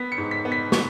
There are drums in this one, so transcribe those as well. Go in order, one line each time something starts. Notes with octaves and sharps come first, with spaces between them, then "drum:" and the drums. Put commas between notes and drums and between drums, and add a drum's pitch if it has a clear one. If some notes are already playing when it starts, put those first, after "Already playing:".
Already playing: B3 B6
C#7
G#2
B6
B3
B6
B3 C#6, drum: snare